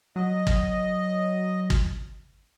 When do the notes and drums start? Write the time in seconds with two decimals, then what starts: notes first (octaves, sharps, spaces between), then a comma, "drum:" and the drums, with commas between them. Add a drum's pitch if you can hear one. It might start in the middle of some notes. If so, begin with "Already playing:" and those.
0.16 F#3 D#5
0.47 drum: kick
1.70 drum: kick